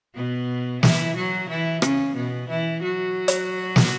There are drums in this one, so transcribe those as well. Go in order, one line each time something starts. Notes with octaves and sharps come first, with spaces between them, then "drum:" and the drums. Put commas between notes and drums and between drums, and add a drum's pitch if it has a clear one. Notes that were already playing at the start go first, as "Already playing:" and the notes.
B2 B3
E3 E4, drum: snare
F#3 F#4
E3 E4
C#3 C#4, drum: rim click
B2 B3
E3 E4
F#3 F#4
drum: hi-hat
drum: snare